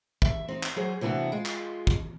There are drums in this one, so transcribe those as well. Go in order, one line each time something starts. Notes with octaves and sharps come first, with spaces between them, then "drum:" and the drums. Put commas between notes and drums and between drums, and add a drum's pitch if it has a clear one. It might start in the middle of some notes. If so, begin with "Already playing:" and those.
E5, drum: kick
C4 D#4
drum: clap
F#3 G#4 C5
C3 E3 A3 B3 D4 F#4
G#3 F4
drum: clap
drum: kick